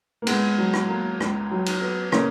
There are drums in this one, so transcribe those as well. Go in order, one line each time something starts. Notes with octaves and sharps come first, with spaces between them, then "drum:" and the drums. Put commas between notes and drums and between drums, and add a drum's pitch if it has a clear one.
A#3
C#2 G#3 B3, drum: cymbal
F#3
drum: rim click
A#3
C#2, drum: rim click
F#3
drum: cymbal
B3
C#3 A#3 C#4, drum: rim click